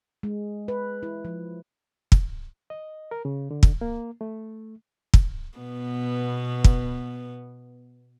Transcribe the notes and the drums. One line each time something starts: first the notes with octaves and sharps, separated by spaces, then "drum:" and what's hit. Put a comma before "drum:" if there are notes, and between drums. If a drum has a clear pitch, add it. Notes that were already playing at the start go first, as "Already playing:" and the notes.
G#3
B4
E4
F3
drum: kick
D#5
A#4
C#3
D3
drum: kick
A#3
A3
drum: kick
B2 B3
drum: kick